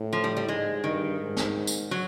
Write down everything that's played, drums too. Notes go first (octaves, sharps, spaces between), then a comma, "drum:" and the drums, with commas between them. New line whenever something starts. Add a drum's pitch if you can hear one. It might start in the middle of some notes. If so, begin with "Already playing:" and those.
Already playing: A2
F3
G3
G3
G#2 G#3
G2 D#3
G#2
drum: snare
drum: tambourine
F#3